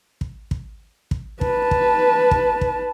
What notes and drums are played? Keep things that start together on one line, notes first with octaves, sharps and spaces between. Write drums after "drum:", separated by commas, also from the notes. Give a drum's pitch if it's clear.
drum: kick
drum: kick
drum: kick
B4 A5, drum: kick
drum: kick
drum: kick
drum: kick